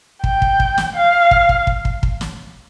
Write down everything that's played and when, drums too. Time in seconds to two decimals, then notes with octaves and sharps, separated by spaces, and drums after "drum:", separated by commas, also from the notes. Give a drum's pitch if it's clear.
0.24 G5, drum: kick
0.42 drum: kick
0.60 drum: kick
0.78 drum: snare
0.95 F5
1.31 drum: kick
1.49 drum: kick
1.67 drum: kick
1.85 drum: kick
2.03 drum: kick
2.21 drum: snare